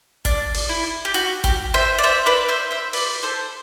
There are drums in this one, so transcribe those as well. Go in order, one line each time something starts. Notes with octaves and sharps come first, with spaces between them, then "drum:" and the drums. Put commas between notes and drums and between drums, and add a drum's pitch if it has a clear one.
D4, drum: kick G1, hi-hat
drum: open hi-hat
E4
G4
F#4, drum: hi-hat
G4, drum: kick G1, hi-hat
C5 E5
D5
C5 E5
B4 D5
C5 E5
C5 E5
B4 D5, drum: open hi-hat
A4 C5